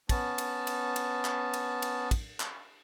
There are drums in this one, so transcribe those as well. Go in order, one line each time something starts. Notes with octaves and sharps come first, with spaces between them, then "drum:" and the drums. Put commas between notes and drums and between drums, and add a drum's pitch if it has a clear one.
B3 C#4 A5, drum: kick, cymbal
drum: cymbal
drum: cymbal
drum: cymbal
drum: clap
drum: cymbal
drum: cymbal
drum: kick, cymbal
drum: clap